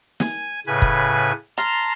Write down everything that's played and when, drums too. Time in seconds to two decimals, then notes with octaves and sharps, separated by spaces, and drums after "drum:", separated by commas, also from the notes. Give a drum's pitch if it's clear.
0.20 G#5, drum: snare
0.67 A2 C#3 B4 G#5
0.82 drum: kick
1.58 A5 A#5 C6 F6, drum: hi-hat